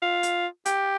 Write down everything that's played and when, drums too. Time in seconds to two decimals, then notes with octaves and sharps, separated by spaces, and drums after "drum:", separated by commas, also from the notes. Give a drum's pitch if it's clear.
0.02 F4
0.23 drum: hi-hat
0.66 G4, drum: hi-hat